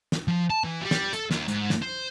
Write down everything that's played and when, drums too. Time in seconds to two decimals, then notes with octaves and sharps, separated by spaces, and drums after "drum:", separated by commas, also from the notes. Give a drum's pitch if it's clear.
0.12 drum: snare
0.28 F3
0.50 A5
0.64 E3
0.82 G3
0.91 drum: snare
1.13 A4, drum: hi-hat
1.31 D#2, drum: snare
1.48 G#2, drum: hi-hat
1.70 drum: snare
1.82 C5